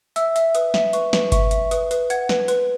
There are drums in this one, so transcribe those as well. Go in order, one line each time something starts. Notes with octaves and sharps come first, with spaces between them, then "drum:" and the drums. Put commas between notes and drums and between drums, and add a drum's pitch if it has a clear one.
E5 E6, drum: hi-hat
E5, drum: hi-hat
B4 D#6, drum: hi-hat
E5, drum: snare
B4 C#6, drum: hi-hat
B4, drum: snare
E5 C#6, drum: kick G1, hi-hat
E5, drum: hi-hat
B4 D#6, drum: hi-hat
B4, drum: hi-hat
F#5 G#6, drum: hi-hat
B4, drum: snare
B4, drum: hi-hat